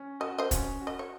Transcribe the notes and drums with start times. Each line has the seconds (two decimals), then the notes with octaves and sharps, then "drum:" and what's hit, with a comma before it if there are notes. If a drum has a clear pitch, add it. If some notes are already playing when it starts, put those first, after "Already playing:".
Already playing: C#4
0.20 F#4 D#5
0.38 C5 D#5
0.51 C#4, drum: kick, hi-hat
0.80 F#4
0.87 D#5
0.99 C#5